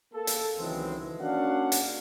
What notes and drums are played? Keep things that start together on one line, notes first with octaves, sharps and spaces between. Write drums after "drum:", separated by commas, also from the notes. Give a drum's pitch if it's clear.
A#3 A4
drum: hi-hat
C#2 D#3 E3 F#3 G#3 C4
A#3 C#4 D4 F#4 F5 F#5
drum: hi-hat